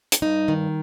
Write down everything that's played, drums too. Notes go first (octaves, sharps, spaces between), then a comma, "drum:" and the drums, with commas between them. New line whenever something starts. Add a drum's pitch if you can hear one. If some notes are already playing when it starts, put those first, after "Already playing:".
drum: hi-hat
G2 D#4
D#3